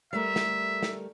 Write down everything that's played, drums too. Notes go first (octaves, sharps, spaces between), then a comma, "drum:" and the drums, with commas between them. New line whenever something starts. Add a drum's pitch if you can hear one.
G3 A3 A#4 E5
drum: snare
drum: snare